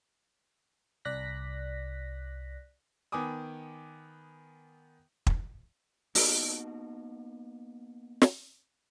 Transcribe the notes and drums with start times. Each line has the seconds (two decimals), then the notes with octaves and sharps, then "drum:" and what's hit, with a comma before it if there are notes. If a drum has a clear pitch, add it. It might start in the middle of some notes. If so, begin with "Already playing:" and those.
1.05 C2 D5 F#6 A#6 B6
3.12 D#3 B3 G#5 D6 D#6
5.27 drum: kick
6.15 A#3 B3 D#4 F#4 A5, drum: open hi-hat
8.22 drum: snare